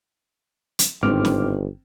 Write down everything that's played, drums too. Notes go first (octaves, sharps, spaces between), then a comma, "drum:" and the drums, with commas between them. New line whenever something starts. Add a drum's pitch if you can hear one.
drum: hi-hat
G1 G#2 D#3 C4 D6 F6
drum: snare